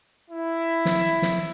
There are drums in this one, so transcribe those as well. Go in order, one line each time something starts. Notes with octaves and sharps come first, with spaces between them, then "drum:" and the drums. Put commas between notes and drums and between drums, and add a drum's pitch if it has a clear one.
E4
drum: snare
drum: snare